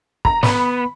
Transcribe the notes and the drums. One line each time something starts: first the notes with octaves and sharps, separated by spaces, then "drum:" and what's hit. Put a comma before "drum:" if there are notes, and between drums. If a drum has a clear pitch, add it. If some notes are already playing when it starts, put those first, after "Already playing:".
A#5, drum: kick
B3 B5, drum: snare